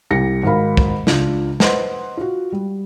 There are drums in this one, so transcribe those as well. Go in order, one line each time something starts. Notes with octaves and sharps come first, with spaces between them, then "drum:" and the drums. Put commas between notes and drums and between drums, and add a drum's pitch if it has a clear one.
C2 E4 G4 A#6 C#7
G#2 D#3 F#4 A#4 F5 B5
drum: kick
C#2 D4 F4, drum: snare
B4 C5 D#5 F#5 C6, drum: snare
F4 F#4
G3